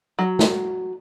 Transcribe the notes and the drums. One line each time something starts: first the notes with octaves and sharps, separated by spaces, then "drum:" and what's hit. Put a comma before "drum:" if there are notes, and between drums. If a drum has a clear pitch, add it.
F#3
drum: snare